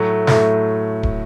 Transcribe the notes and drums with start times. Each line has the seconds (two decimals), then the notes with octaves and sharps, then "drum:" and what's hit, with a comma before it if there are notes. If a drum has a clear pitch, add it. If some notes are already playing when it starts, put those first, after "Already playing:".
Already playing: A2 F#3 A3
0.27 A2 F#3 A3, drum: snare
1.03 drum: kick